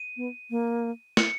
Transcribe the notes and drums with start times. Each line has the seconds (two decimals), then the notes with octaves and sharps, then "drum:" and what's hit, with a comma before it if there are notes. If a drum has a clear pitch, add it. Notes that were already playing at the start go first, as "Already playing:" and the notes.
Already playing: D#7
0.17 B3
0.50 A#3
1.17 C#7, drum: snare